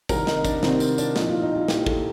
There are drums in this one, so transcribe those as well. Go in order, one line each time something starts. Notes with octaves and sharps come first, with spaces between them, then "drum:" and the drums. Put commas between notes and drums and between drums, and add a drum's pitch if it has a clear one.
C2 C3 D#3 A#4, drum: kick, tambourine
D#4, drum: snare
D4, drum: kick, tambourine
C2 C3 D#3 C4, drum: snare
C4, drum: tambourine
D4, drum: tambourine
A#1 A2 F3 D#4, drum: snare
F4
D#4
F4
A#1 A2 F3 G4, drum: snare
A4, drum: kick